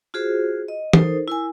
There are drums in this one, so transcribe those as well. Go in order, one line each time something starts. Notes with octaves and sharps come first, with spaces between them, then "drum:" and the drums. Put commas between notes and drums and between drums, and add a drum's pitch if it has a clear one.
F4 F#4 G#4 C5
D#5
D#4 A4 A#4 C5, drum: tom E3
E4 A#4 G#5